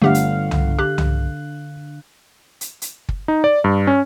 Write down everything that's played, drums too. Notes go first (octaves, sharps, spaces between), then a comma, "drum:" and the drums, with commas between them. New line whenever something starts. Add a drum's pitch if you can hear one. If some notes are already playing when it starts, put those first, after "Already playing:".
G1 D3 A3 D4 G4 F5 F#5
drum: hi-hat
drum: tom C2
G4 F#6
drum: tom C2
drum: hi-hat
drum: hi-hat
drum: kick
D#4
D5
G2
C#4